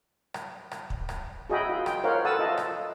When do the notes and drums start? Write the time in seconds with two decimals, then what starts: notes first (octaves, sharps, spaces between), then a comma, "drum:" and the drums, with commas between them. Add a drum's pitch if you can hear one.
0.34 drum: rim click
0.71 drum: rim click
0.90 drum: kick
1.09 drum: rim click
1.50 F#4 G#4 D#5 E5 G5 B5
1.69 F4
1.86 G5, drum: rim click
2.04 F4 A#4 C5 C#5 F5 F#5
2.25 A4 B4 F#5 A5 D#6 E6
2.39 F4 D#5 E5 A5
2.58 drum: rim click